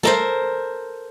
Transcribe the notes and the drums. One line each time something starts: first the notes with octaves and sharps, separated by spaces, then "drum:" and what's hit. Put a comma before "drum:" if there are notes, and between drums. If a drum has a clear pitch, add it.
A4 A#4 C5, drum: snare